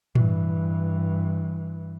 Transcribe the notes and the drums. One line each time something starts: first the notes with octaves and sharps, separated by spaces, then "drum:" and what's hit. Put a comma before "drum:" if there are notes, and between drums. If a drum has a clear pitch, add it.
G2 E3, drum: tom A2